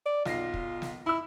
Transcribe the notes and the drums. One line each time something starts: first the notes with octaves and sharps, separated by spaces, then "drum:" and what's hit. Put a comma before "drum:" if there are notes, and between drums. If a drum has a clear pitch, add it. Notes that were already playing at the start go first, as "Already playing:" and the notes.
D5
B1 F4 A#6 C7, drum: snare
drum: kick
drum: snare
E4 B5 E6